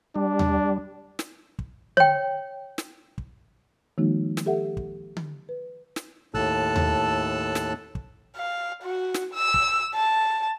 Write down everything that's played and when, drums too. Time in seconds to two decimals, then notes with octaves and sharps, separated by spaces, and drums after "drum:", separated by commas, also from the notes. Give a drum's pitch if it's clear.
0.16 G3 D4
0.39 drum: tom D#2
1.19 drum: snare
1.59 drum: kick
1.97 C#5 G5, drum: tom D3
2.78 drum: snare
3.18 drum: kick
3.98 D#3 F3 G#3 A#3 D#4 F#4
4.37 drum: snare
4.46 G4 A4 E5 F#5
4.77 drum: kick
5.17 drum: tom D3
5.49 B4
5.96 drum: snare
6.34 D#2 A2 A4 A5 E6 F#6, drum: kick
6.76 drum: tom D#2
7.55 drum: snare
7.95 drum: kick
8.37 F5
8.83 F#4
9.14 drum: snare
9.34 E6
9.54 drum: kick
9.96 A5